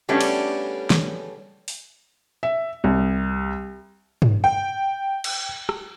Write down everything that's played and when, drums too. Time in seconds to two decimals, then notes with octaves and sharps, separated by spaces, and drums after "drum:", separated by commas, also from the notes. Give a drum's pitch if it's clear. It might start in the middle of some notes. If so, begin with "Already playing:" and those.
0.09 C#3 G3 A3 B3 C#4 D4
0.21 drum: cymbal
0.90 drum: snare
1.68 drum: open hi-hat
2.43 E5
2.84 C2
4.22 drum: tom
4.44 G5
5.24 drum: cymbal
5.69 drum: rim click